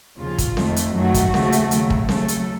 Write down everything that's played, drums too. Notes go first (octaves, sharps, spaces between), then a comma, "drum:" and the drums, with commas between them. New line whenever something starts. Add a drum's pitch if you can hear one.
D#2 C#3 F3 F4
drum: kick, hi-hat
F2 D#3 A3, drum: snare C4
drum: hi-hat
F#2 D#3 F#3 A3 F#4
drum: kick, hi-hat
D#2 C#3 F3 A3, drum: snare C4
drum: hi-hat
D#2 C#3 F#3 A3, drum: hi-hat
drum: kick
D#2 C#3 F#3 A3 A4, drum: snare C4
drum: hi-hat